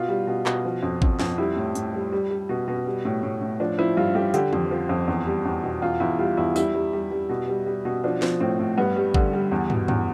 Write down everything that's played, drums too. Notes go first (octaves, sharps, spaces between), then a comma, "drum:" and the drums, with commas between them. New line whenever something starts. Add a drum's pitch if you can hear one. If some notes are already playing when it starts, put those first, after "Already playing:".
Already playing: B2 F4
G3
B2
B2, drum: clap
F3
F2
F2, drum: kick G#1
F2, drum: snare
G3 E4
A2
A2, drum: hi-hat
G3
G3
G3
B2
B2
G3
A2
A2
A2
F3 D4
F3 E4
G2 F4
G2 G4
D3 G4, drum: hi-hat
F2, drum: tom
F3
F2
E2
G3
E2
B2
E2 F4
E2 E4
G3 F4
E2 E4
G3 E4, drum: tambourine
G3
G3
G3
B2
G3
G3
B2
F3 D4
F3, drum: snare
A2 C4
A2
G2 B3
G3
D3, drum: kick G#1
G3
E2
B2, drum: tom
E2, drum: tom